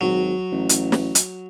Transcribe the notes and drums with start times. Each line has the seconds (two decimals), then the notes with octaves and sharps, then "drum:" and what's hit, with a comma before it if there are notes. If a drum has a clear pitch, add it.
0.01 G#1 F#3
0.52 A1
0.69 drum: hi-hat
0.92 drum: snare
1.15 drum: hi-hat